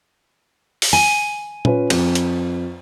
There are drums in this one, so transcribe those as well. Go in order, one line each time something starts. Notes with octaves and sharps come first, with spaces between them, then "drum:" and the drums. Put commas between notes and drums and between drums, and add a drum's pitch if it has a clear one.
drum: open hi-hat
G#5
C#4 F4 B4, drum: tom
F2, drum: cymbal
drum: hi-hat